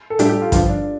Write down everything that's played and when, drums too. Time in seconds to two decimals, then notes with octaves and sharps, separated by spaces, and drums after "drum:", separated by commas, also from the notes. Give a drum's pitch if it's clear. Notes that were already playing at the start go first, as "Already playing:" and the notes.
0.10 A4
0.19 A2 G3 D4 G4, drum: hi-hat
0.30 G4
0.42 F4
0.52 G2 D3 F3 F4, drum: kick, hi-hat
0.69 D4